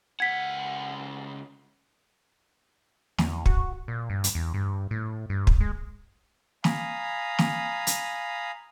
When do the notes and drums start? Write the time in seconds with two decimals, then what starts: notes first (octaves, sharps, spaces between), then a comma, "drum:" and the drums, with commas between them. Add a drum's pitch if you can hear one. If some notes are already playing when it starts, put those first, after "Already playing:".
0.20 C#2 F#5 G#6 B6
3.18 E2, drum: snare
3.46 F#4, drum: kick
3.88 A#2
4.10 G2
4.24 drum: hi-hat
4.35 E2
4.54 G2
4.91 A2
5.30 G2
5.47 drum: kick
5.60 G#3
6.64 F5 G#5 A#5 B5 D#6, drum: snare
7.39 drum: snare
7.87 drum: hi-hat